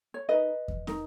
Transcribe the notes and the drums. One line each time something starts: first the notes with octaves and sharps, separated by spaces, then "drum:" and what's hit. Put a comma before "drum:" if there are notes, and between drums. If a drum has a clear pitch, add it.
C#5
D#4 A#4 B4 D#5
drum: kick E2
D#4 A#4, drum: snare